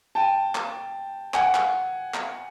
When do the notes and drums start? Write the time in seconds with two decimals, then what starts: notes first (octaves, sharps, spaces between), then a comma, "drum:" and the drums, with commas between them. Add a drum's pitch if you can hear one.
0.15 G5 A5
0.55 drum: clap
1.34 F#5 G#5, drum: clap
1.55 drum: clap
2.14 drum: clap